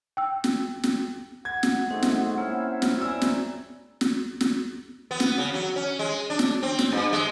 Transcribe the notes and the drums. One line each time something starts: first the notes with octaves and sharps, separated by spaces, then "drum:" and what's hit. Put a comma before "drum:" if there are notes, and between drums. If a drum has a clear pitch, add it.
G5 E6
drum: snare
drum: snare
F#5 G#6
drum: snare
G#3 A3 C4 D#4
drum: snare
A#3 C4 C#4 E4
drum: snare
D5 G#5 A#5 E6
drum: snare
drum: snare
drum: snare
B3
drum: snare
C#3
F#3
C#4
G#3
D4
drum: snare
C4
drum: snare
G2
G#3